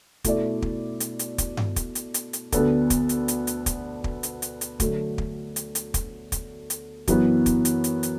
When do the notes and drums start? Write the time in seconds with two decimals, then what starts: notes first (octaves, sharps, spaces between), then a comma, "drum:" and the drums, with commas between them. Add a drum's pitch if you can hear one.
0.24 B2 A3 E4 A4 D5, drum: kick, hi-hat
0.62 drum: kick
1.00 drum: hi-hat
1.19 drum: hi-hat
1.38 drum: kick, hi-hat
1.57 drum: tom G2
1.76 drum: kick, hi-hat
1.95 drum: hi-hat
2.14 drum: hi-hat
2.33 drum: hi-hat
2.52 D2 D3 B3 D4 A4, drum: kick, hi-hat
2.90 drum: kick, hi-hat
3.09 drum: hi-hat
3.28 drum: hi-hat
3.47 drum: hi-hat
3.66 drum: kick, hi-hat
4.04 drum: kick
4.23 drum: hi-hat
4.42 drum: hi-hat
4.61 drum: hi-hat
4.80 D3 F#3 A3, drum: kick, hi-hat
5.18 drum: kick
5.56 drum: hi-hat
5.75 drum: hi-hat
5.94 drum: kick, hi-hat
6.32 drum: kick, hi-hat
6.70 drum: hi-hat
7.08 F#2 E3 B3 F#4, drum: kick, hi-hat
7.46 drum: kick, hi-hat
7.65 drum: hi-hat
7.84 drum: hi-hat
8.03 drum: hi-hat